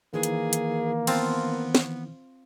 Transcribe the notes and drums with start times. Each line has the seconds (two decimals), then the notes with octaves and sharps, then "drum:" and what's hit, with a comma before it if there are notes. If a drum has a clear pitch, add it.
0.14 D#3 E3 A#3 G#4
0.23 drum: hi-hat
0.53 drum: hi-hat
1.07 B3 C4 F4 A5, drum: cymbal
1.75 drum: snare